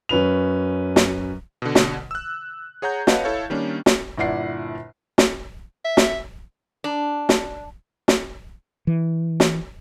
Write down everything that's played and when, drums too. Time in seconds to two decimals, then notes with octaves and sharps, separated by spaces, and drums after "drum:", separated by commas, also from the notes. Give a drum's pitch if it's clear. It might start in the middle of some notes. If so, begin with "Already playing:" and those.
0.09 F#2 C#4 B4 F7
0.96 drum: snare
1.62 B2 D3
1.75 drum: snare
2.11 E6 F#6
2.82 G#4 C#5 F#5 A#5 G6
3.07 B4 C#5 D#5 F5 F#5 A5, drum: snare
3.24 E4 A4 C#5 F5
3.50 D#3 G3 A#3 C#4 D4
3.86 drum: snare
4.17 G1 A#2 E4 D5 F#5 C7
5.18 drum: snare
5.85 E5
5.97 drum: snare
6.84 D4
7.29 drum: snare
8.08 drum: snare
8.87 E3
9.40 drum: snare